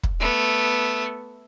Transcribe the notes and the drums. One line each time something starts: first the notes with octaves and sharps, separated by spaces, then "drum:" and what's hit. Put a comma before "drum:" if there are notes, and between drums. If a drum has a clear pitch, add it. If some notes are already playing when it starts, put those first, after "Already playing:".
drum: kick
A3 B3